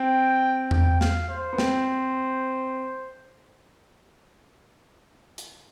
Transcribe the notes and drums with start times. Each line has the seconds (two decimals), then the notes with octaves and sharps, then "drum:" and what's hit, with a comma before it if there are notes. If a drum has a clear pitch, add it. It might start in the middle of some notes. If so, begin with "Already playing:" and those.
Already playing: C4 G5
0.71 G5, drum: tom E2
1.01 F5, drum: snare
1.30 C5
1.53 B3
1.58 C4, drum: snare
5.38 drum: hi-hat